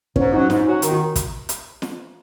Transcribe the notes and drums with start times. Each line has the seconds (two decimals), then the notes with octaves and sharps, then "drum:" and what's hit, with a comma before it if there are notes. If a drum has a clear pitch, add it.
0.16 G#2 C#4, drum: kick
0.32 F#3 C#4 D#4 F#4
0.50 G#2 D#4, drum: snare
0.66 F#3 C#4 F#4
0.82 D#3, drum: hi-hat
0.91 F#4
1.16 drum: kick, hi-hat
1.49 drum: hi-hat
1.82 drum: snare